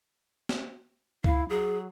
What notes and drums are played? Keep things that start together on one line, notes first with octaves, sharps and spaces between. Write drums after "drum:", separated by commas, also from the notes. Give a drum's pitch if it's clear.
drum: snare
E4 F5, drum: kick C#2
F#3 G#4